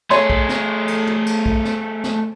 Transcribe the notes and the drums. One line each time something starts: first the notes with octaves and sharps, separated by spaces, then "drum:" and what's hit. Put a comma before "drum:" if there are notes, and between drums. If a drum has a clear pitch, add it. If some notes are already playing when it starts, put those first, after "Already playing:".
A3 G#4 C#5 C6, drum: snare
drum: kick
drum: snare
drum: cymbal
drum: tom
drum: cymbal
drum: kick
drum: snare
drum: snare